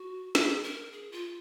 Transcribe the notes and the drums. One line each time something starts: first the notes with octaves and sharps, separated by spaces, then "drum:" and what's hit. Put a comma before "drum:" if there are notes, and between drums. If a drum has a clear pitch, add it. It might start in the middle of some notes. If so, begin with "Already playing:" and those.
Already playing: F#4
G#4, drum: snare
A#4
G#4
F4